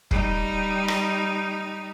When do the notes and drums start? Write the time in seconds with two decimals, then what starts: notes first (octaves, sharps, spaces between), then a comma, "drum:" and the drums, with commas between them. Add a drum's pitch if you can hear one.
0.11 G3 D#4, drum: kick
0.88 drum: rim click